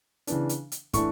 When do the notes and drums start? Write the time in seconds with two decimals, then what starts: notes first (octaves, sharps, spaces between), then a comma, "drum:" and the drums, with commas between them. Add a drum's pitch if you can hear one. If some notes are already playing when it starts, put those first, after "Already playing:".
0.27 C#3 E3 B3 D4, drum: hi-hat
0.49 drum: hi-hat
0.72 drum: hi-hat
0.93 A2 E3 A3 D4 C#6, drum: kick, hi-hat